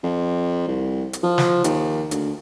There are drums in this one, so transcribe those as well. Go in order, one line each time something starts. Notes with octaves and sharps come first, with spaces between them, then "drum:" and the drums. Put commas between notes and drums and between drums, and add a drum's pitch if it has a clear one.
F2
C2
drum: hi-hat
F3
drum: snare
D#2, drum: hi-hat
D2, drum: hi-hat